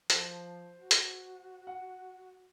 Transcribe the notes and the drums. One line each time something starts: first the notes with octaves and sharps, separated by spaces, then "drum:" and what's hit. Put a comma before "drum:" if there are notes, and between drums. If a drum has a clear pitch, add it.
F3 C5 A5, drum: hi-hat
F#4
drum: hi-hat
F#5